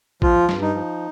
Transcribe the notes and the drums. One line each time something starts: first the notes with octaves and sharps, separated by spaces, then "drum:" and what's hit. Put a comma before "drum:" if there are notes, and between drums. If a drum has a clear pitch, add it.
F3 F4, drum: kick
G2, drum: snare
D#4
F3